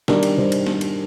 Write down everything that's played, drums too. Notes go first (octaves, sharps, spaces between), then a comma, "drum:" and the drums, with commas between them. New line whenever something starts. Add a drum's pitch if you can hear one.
D#3 G3 D4 A#4, drum: snare
drum: cymbal
D#3 G3 C5
drum: cymbal
drum: snare
drum: cymbal